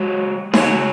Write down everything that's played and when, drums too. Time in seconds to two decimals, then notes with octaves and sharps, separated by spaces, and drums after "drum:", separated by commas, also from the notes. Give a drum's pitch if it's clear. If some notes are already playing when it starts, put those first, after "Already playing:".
Already playing: G#3 F#4 C#5
0.54 G#3 F#4 C#5, drum: snare D#4